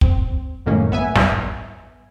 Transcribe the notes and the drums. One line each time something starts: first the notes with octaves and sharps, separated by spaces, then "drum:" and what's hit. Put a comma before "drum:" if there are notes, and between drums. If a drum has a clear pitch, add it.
C4, drum: kick
C#2 F#2 A2 D#3 A#3 C#4
A1 B3 E5 G#5
drum: snare